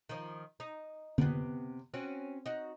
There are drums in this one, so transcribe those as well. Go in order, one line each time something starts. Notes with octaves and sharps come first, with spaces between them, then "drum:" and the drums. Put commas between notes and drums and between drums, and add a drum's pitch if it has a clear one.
D#3 F3
D#4
C3 B3, drum: tom D3
C4 C#4 F#4
D#4 F#4